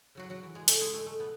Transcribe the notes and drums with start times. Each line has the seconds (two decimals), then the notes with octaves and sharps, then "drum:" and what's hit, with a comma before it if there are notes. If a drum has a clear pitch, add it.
0.15 C#3 F#3 F#4
0.30 F#3 F#4
0.43 E3
0.55 G#3 G#4
0.68 C#3 A3 A4, drum: hi-hat
0.81 G#3 G#4
0.93 G#3 A3
1.06 A3
1.19 B2 B3